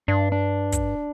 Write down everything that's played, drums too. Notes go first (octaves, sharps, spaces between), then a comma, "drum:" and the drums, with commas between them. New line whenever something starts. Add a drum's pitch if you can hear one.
G2 D4
D4
drum: kick, hi-hat